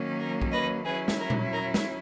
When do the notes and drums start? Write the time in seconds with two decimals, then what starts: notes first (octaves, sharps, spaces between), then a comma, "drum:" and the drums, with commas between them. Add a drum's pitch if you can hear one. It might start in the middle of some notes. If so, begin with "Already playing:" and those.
Already playing: D#3 F#3 A#3 C#4
0.20 A#4
0.42 drum: kick
0.52 B4 D#5
0.85 F#3 C#4 E4 G#4 B4
1.08 drum: snare
1.19 A#4
1.30 drum: tom A#2
1.52 A#4
1.74 drum: snare